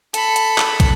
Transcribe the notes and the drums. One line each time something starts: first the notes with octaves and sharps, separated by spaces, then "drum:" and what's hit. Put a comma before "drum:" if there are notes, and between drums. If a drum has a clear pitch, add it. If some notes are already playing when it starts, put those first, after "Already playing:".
A4 B5, drum: hi-hat
drum: hi-hat
drum: clap
drum: kick, hi-hat